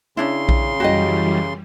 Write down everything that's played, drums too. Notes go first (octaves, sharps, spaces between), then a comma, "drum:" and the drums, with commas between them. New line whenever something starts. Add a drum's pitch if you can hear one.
C#3 C#4 D4 E4 C6
drum: kick A#1
F#2 E3 G3 F#4 G4 D#5